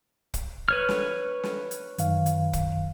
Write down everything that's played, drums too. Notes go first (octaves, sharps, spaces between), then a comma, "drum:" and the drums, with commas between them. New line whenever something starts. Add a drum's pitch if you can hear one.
drum: kick, hi-hat
B4 C#5 F6
drum: snare
drum: snare
drum: hi-hat
F#2 D#3 F5, drum: hi-hat
drum: hi-hat
drum: kick, hi-hat